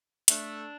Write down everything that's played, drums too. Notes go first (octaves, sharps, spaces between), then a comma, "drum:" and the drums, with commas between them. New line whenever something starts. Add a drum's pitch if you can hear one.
A3 D4, drum: hi-hat